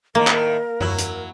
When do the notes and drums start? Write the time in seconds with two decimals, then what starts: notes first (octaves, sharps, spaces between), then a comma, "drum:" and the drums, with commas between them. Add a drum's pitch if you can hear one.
0.15 A2 D#3 A#3 A#4
0.27 drum: clap
0.80 F#3 E4 F#4, drum: tom F#2
0.98 drum: hi-hat